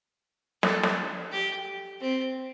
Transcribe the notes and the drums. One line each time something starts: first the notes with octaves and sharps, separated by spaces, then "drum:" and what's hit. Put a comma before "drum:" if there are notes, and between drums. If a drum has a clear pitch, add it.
A4, drum: snare
drum: snare
G4
C4